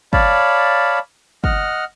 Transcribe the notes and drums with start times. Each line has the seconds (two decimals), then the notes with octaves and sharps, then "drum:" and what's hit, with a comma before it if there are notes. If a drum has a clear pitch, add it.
0.13 C#5 D5 F5 A5 B5, drum: kick
1.44 D#5 F#5 F6, drum: kick